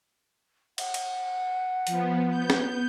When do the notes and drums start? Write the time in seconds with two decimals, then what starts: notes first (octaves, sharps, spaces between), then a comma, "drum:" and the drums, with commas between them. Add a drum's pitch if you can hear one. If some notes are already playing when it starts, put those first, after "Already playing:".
0.78 F#5, drum: cymbal
0.94 drum: cymbal
1.87 F3 B3, drum: hi-hat
2.30 B3 G6
2.50 drum: snare